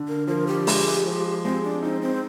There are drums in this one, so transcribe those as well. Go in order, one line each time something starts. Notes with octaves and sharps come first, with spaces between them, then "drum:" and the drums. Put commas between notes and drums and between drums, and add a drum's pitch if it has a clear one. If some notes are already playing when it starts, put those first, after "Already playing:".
Already playing: D3
A#4
F3 A#4
G4
G#3, drum: open hi-hat
F3
G#3 C4
D4
C4 D#4
C4